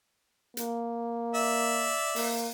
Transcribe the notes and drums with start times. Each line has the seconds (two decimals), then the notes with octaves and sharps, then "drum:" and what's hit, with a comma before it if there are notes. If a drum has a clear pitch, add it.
0.57 A#3, drum: hi-hat
1.35 D5 E5
2.16 A#3, drum: open hi-hat